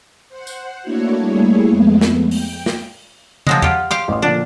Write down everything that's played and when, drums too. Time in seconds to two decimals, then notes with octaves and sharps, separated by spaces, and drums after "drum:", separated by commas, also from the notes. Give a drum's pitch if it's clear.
0.29 C5 F#5
0.47 drum: tambourine
0.82 A3 A#3 D4 E4 F#4 C#5
1.19 G3 A3 A#3 E4 G#4 C#5
1.66 F2 G#3 A3 B3
2.01 drum: snare
2.31 G5, drum: open hi-hat
2.66 drum: snare
3.47 F3 F#3 G#3, drum: tom
3.62 F4 G4 F#5 F6, drum: tom E2
3.91 G4 F5 G5 C6
4.08 A1 C6
4.22 A#2 D3 F3 D4